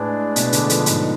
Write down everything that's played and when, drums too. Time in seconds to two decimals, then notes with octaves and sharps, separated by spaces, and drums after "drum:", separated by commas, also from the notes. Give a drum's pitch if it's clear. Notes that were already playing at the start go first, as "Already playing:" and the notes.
Already playing: A2 G#3 D4 G#4 B4
0.36 B2, drum: hi-hat
0.52 D3, drum: hi-hat
0.69 F3, drum: hi-hat
0.86 G#2, drum: hi-hat